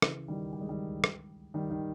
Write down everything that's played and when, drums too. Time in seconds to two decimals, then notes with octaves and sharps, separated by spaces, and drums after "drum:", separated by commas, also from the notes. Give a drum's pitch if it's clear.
0.02 C#3 E3, drum: rim click
0.28 D#3 G3
0.53 G3
0.61 G#3
0.69 D#3 G3
1.04 drum: rim click
1.54 D#3 G3
1.71 D#3